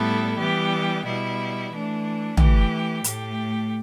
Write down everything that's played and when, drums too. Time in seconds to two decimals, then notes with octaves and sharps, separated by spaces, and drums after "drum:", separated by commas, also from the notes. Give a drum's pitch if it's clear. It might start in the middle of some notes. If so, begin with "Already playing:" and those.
Already playing: A2 G3 B3 E4 A4
0.38 E3 G3 B3 G4
1.04 B2 G3 E4
1.72 E3 A3 D4
2.37 E3 A3 G4, drum: tom
3.04 A2 A3 G4, drum: hi-hat